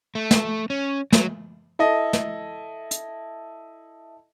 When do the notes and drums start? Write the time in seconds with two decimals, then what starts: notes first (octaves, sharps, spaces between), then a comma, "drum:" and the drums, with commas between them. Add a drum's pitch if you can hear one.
0.15 A3
0.31 drum: snare
0.70 C#4
1.13 F#3, drum: snare
1.79 E4 A4 D#5
2.13 drum: snare
2.91 drum: hi-hat